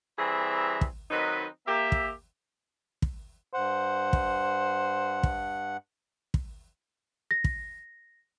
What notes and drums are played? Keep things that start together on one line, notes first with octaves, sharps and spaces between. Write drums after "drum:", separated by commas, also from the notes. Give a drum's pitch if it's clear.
E3 G3 C4 G#4 E5 A#5
drum: kick
D#3 F#3 C4 D#4 B4
A#3 G4 E5
drum: kick
drum: kick
G2 C5 F#5
drum: kick
drum: kick
drum: kick
A#6
drum: kick